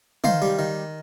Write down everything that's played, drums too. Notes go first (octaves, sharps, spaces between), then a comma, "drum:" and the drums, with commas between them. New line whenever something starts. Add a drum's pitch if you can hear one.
D#3 C5 F5, drum: tom
G3
D#3